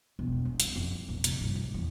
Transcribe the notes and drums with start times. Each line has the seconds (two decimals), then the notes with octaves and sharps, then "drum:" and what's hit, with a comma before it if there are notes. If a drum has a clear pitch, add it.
0.19 E1
0.45 F#3
0.60 E4, drum: hi-hat
0.76 F2
1.09 A#2
1.24 C3, drum: hi-hat
1.41 G2
1.55 A#1
1.74 E2